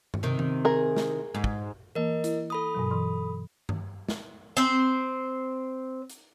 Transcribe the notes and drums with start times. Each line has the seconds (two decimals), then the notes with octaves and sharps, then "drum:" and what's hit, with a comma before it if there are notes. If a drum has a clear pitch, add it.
0.14 drum: tom G2
0.23 C3 D#3
0.39 drum: tom D#3
0.65 G#4 A#4
0.96 drum: snare
1.35 G#2
1.44 drum: kick
1.95 E3 A#3 A#4 D#5
2.24 E4, drum: hi-hat
2.50 A4 B5 D#6
2.75 G2 B2 F#3
2.91 E3 C6
3.69 drum: tom G2
4.09 drum: snare
4.57 C4 C5
6.10 drum: hi-hat